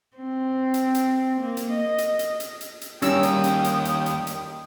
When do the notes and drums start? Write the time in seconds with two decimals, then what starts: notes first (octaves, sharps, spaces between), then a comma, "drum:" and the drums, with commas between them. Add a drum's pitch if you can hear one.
0.17 C4
0.74 drum: hi-hat
0.95 drum: hi-hat
1.41 A#3
1.57 drum: hi-hat
1.70 D#5
1.98 drum: hi-hat
2.19 drum: hi-hat
2.40 drum: hi-hat
2.61 drum: hi-hat
2.81 drum: hi-hat
3.02 D#2 G3 C#4 A#4 G5 D#6 E6, drum: hi-hat
3.23 drum: hi-hat
3.44 drum: hi-hat
3.64 drum: hi-hat
3.85 drum: hi-hat
4.06 drum: hi-hat
4.27 drum: hi-hat